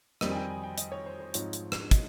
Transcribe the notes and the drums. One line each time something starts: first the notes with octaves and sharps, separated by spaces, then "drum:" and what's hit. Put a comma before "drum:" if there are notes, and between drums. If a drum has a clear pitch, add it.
F2 D#3 G3 C4 D#4 D#5, drum: rim click
G#5
G5
G#5
G5
D#5, drum: hi-hat
C#5
C5
C5
G#2 F3 C4 D#4 C#5, drum: hi-hat
drum: hi-hat
drum: rim click
D#5, drum: kick, hi-hat